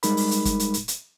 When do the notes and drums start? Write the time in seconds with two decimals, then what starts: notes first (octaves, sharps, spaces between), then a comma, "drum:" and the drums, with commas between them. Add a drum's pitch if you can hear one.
0.03 G3 G#3 D#4 A#4 B5, drum: hi-hat
0.17 drum: open hi-hat
0.31 drum: hi-hat
0.45 drum: kick, hi-hat
0.60 drum: hi-hat
0.74 drum: hi-hat
0.88 drum: hi-hat